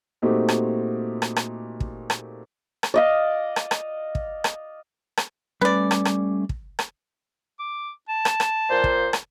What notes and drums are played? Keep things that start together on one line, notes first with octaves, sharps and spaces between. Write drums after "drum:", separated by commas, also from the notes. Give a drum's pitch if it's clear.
A#2 A3 C4 D#4 F#4 G4
drum: rim click
drum: rim click
drum: rim click
drum: kick
drum: rim click
drum: rim click
D5 D#5 F5
drum: rim click
drum: rim click
drum: kick
drum: rim click
drum: rim click
G3 A3 C#4 B4 D5
drum: rim click
drum: rim click
drum: kick
drum: rim click
D6
A5
drum: rim click
drum: rim click
A#2 C5
drum: kick
drum: rim click